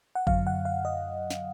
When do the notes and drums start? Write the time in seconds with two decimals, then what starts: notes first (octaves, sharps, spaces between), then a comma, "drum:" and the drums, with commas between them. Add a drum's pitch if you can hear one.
0.15 F#5
0.27 F#2 D3 F#3 F5, drum: kick
0.47 F#5
0.65 F5
0.85 D#5
1.30 drum: snare